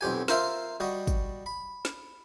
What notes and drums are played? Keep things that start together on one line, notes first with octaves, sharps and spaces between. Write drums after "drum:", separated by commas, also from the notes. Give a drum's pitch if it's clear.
B1 F2 G4 G#5
F4 A#4 C5 E5 F5, drum: snare
G3 F#4 D#5
drum: kick, tambourine
B5
drum: snare